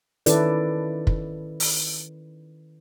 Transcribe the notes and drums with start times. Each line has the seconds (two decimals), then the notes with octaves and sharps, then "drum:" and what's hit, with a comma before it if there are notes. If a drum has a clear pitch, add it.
0.26 D#3 C#4 E4 A4 B4 D5, drum: hi-hat
1.07 drum: kick
1.60 drum: open hi-hat